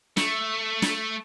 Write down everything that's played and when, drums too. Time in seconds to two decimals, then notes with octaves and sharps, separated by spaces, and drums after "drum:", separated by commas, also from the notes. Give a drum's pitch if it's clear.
0.17 A3, drum: snare
0.82 drum: snare